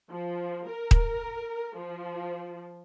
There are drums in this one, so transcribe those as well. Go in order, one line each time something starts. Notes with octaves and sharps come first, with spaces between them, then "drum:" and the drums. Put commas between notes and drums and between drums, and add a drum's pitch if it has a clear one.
F3
A#4
drum: kick D#1
F3